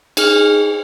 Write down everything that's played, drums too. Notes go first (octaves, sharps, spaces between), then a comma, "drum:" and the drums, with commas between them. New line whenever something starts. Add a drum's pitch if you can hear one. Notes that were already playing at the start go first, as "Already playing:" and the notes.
D#4 G#4 F6, drum: cymbal